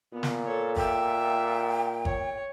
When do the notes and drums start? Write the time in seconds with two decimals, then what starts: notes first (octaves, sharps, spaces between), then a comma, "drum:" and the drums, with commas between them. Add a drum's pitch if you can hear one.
0.13 A#2 B3
0.23 drum: snare
0.45 A4 C#5
0.76 E5 G5, drum: kick G1
2.05 C#5, drum: kick G1